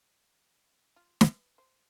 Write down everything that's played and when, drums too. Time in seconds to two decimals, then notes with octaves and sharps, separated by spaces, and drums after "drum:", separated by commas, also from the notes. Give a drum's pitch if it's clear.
0.96 F4
1.21 B4, drum: snare
1.58 C5